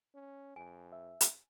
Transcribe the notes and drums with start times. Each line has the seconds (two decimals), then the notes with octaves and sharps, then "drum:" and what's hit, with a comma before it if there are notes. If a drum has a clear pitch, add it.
0.15 C#4
0.56 F2 G#5
0.92 E5
1.21 drum: hi-hat